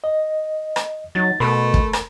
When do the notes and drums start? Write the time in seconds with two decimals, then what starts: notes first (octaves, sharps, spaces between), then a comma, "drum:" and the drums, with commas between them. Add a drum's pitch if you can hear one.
0.04 D#5
0.76 drum: rim click
1.15 F#3 D#4 A6
1.40 B2 A3 A#4 B5 C6
1.74 drum: kick
1.93 drum: rim click